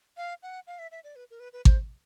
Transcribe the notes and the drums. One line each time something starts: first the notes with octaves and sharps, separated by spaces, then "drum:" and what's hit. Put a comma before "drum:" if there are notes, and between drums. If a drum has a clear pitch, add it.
F5
F#5
F5
E5
E5
D5
B4
A#4
B4
B4
C5, drum: kick G#1